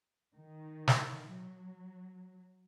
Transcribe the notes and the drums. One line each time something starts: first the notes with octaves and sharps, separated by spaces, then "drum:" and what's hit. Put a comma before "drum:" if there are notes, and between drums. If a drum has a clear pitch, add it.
D#3
drum: snare
F#3